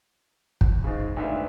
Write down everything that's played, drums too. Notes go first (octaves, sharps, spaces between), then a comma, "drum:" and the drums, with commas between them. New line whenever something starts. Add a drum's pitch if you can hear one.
drum: kick
G#2 C#3
D2 G#2 D3 B4 E5 F5